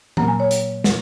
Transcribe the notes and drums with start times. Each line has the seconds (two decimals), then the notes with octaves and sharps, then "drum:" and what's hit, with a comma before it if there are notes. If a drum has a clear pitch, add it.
0.17 A#2 F#3 A#3 A#5, drum: tom E3
0.28 G#5
0.40 C#5
0.51 drum: hi-hat
0.84 drum: snare